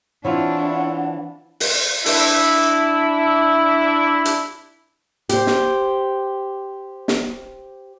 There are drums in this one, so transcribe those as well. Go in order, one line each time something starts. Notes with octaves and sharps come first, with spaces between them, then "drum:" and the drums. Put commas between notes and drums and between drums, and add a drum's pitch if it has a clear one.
E3 C4 D4 E4 F4 C#5 F#5
drum: open hi-hat
D4 E4, drum: open hi-hat
drum: hi-hat
G4 C5, drum: hi-hat
drum: snare
drum: snare